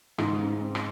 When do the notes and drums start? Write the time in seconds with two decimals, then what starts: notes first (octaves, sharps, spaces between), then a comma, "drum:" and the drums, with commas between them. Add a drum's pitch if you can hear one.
0.18 C#2 G#2, drum: rim click
0.40 C#3
0.60 C4
0.75 drum: rim click